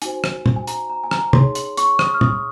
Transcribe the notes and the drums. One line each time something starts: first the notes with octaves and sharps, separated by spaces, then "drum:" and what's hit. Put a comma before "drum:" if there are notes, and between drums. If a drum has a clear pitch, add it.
D#4 F#4 C5 G#5, drum: hi-hat
drum: rim click
drum: tom
G#5
A#5, drum: hi-hat
A#5
G#5
A#5, drum: rim click
D#4 G#4 C#5 C6, drum: tom
C6, drum: hi-hat
C#6, drum: hi-hat
D#6, drum: rim click
F6
D#6, drum: tom